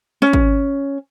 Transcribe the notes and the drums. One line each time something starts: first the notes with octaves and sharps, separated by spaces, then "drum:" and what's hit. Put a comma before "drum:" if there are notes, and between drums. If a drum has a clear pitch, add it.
C#4
drum: kick